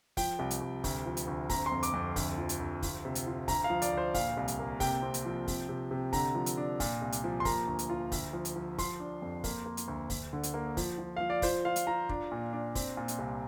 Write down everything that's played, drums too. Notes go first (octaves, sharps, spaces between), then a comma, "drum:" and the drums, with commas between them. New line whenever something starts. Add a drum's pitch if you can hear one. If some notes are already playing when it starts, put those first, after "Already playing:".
F3 G5, drum: kick, open hi-hat
C2
drum: hi-hat
C2
D2, drum: kick, open hi-hat
F3
drum: hi-hat
D2
C4 A#5, drum: kick, open hi-hat
C6
F2
D6, drum: hi-hat
F2
D2, drum: kick, open hi-hat
F3
drum: hi-hat
D2
F4, drum: kick, open hi-hat
C3
drum: hi-hat
F4
D2 A#5, drum: kick, open hi-hat
F5
F3
D5, drum: hi-hat
D2 C5
A#2 F5, drum: kick, open hi-hat
C2
drum: hi-hat
A#3
C3 G5, drum: kick, open hi-hat
C4
drum: hi-hat
F3
C3, drum: kick, open hi-hat
C3
C3
D3 A#5, drum: kick, open hi-hat
F3
drum: hi-hat
D4
A#2, drum: kick, open hi-hat
C2
drum: hi-hat
F3
C6
A#3 A#5, drum: kick, open hi-hat
D2
drum: hi-hat
F4
D2, drum: kick, open hi-hat
F3
drum: hi-hat
F3
F3 C6, drum: kick, open hi-hat
D4
F2
A#3, drum: kick, open hi-hat
A#3
drum: hi-hat
D2
D2, drum: kick, open hi-hat
D3
drum: hi-hat
A#3
F3, drum: kick, open hi-hat
F3
F3 F5
D5
F4 C5, drum: kick, open hi-hat
F4 F5
drum: hi-hat
F4 A#5
D4, drum: kick
A#2
D4
C4, drum: kick, open hi-hat
A#2
drum: hi-hat
C2